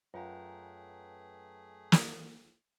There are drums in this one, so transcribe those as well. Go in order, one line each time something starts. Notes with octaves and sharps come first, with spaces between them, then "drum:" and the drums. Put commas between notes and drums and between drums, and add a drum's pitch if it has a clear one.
F#2 A3 F4 G#4 B4 F5 G5 A#5
drum: snare